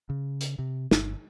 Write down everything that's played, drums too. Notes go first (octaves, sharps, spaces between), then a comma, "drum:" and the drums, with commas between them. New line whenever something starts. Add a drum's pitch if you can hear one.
C#3
drum: hi-hat
C3
G1, drum: snare